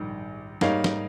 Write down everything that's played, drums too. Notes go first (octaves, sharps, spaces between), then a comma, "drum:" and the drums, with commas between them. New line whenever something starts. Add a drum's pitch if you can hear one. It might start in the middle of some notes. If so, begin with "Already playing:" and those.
Already playing: A#1 G#2 D#3 G3
G#2 G3 A#3 D#4 C#5 F5, drum: snare
drum: snare